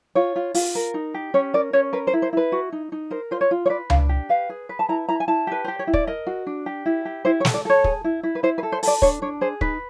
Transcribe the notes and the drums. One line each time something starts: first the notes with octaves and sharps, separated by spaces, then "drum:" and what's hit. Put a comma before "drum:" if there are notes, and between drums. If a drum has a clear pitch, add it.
F4 C#5
F4
F4, drum: open hi-hat
A#4
D#4
G4
C#4 C#5
A#4 D5
C#4 C#5
A#4 B4
C5
E4
C5
E4 B4
F#4
D#4
D#4
A#4 C5
F4 C5
C#5
F4
C#5
B4 D5
D4 F5, drum: tom C#2
G4
B4 F5
G#4
B4
A5
E4 A#5
E4 A#5
G#5
E4 A5
G4 B4
G4 C5
C#5
E4
D5, drum: kick
A#4 D#5
F#4
D4
G4
E4
G4
E4 C5
C#5
A4, drum: snare
D5
A4 C#5
G#4, drum: kick
E4
E4
B4
E4 C5
B4
A4
C5
A4 D5, drum: open hi-hat
D4 C#5, drum: kick
D4 C#5
G#4 C5
D#4 B4, drum: kick